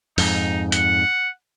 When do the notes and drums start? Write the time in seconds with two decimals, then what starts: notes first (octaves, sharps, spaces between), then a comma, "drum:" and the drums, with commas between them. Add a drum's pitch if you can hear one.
0.18 F2 G#2 D#4, drum: open hi-hat
0.72 F#5, drum: hi-hat